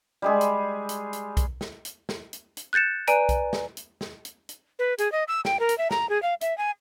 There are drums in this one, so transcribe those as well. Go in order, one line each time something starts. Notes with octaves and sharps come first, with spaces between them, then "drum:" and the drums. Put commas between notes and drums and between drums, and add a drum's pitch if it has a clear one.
G3 G#3 G#4
drum: hi-hat
drum: hi-hat
drum: hi-hat
drum: kick B1, hi-hat
drum: snare
drum: hi-hat
drum: snare
drum: hi-hat
drum: hi-hat
F#6 G6 A6 C#7 E7
B4 D5 G#5 A#5 D7 D#7, drum: hi-hat
drum: kick B1, hi-hat
drum: snare
drum: hi-hat
drum: snare
drum: hi-hat
drum: hi-hat
B4
G#4, drum: hi-hat
D#5
E6
G5, drum: snare
A#4
drum: hi-hat
E5
A#5, drum: snare
G#4
F5
E5, drum: hi-hat
G#5